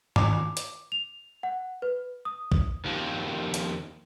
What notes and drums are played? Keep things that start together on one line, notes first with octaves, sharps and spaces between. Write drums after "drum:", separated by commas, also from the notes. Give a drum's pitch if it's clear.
D6, drum: tom
drum: hi-hat
F7
F#5
B4
D#6
drum: kick B1
D#2 F3
drum: hi-hat